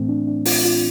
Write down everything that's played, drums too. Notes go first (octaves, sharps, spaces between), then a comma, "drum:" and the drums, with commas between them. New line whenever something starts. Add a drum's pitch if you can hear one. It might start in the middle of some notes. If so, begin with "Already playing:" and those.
Already playing: A2 E3 A3 C4
D4
D4
F4, drum: open hi-hat
F4